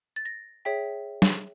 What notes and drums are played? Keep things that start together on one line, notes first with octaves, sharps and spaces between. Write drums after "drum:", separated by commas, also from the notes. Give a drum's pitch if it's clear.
A6
A#6
G#4 C#5 E5 G5 B6
drum: snare